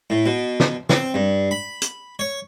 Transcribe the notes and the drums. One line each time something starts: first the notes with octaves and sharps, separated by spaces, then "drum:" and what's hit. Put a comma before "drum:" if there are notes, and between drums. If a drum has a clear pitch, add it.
A2
B2
drum: snare
C4, drum: snare
G2
B5
drum: hi-hat
C#5